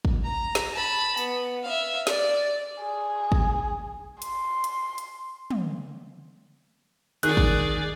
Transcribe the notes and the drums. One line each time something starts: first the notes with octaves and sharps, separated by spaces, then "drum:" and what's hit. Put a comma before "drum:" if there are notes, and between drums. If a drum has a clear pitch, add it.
drum: kick
A#5
drum: snare
A5 B5
B3, drum: tambourine
E5 F5
D5, drum: snare
G#4
drum: kick
C6, drum: hi-hat
drum: hi-hat
drum: hi-hat
drum: tom
D#3 G#4 D5 F#6, drum: hi-hat
drum: kick